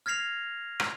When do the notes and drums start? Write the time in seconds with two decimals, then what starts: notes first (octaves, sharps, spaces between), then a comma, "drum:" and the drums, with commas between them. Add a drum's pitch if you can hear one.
0.06 F6 G#6 A#6 C7 F7
0.80 drum: rim click